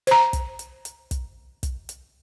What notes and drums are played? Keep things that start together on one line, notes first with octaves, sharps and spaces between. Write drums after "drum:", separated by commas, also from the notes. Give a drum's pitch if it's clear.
C5 A#5, drum: hi-hat
drum: kick, hi-hat
drum: hi-hat
drum: hi-hat
drum: kick, hi-hat
drum: kick, hi-hat
drum: hi-hat